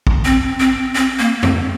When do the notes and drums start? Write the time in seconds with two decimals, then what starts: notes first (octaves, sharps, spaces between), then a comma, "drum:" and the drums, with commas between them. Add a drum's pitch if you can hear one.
0.07 drum: kick
0.25 C4
0.60 C4
0.95 C4
1.19 A#3
1.43 C4, drum: tom F2